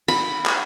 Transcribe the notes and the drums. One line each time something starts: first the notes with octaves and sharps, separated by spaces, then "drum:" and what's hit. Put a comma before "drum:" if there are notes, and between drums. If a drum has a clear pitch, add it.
B5, drum: cymbal
drum: clap